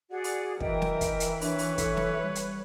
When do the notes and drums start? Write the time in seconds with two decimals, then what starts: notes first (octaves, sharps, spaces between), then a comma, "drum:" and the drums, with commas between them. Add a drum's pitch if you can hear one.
0.11 F#4 G#4 D5 F#5
0.24 drum: open hi-hat
0.60 E3 A#4 D#5 E5 G5, drum: kick
0.82 drum: snare
1.01 drum: kick, hi-hat
1.20 drum: hi-hat
1.41 D4 B4 C#5 E5, drum: open hi-hat
1.59 drum: open hi-hat
1.78 A4, drum: kick, hi-hat
1.97 drum: snare
2.22 G3
2.35 drum: hi-hat